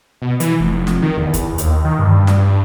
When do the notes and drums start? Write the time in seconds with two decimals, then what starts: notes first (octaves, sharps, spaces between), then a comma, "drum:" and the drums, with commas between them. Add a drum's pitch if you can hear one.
0.22 B2
0.40 E3, drum: hi-hat
0.60 F1
0.87 drum: snare
1.02 D#3
1.17 E2
1.34 drum: kick, hi-hat
1.58 D#2, drum: hi-hat
1.85 D#3
1.99 G2
2.27 drum: snare
2.38 G2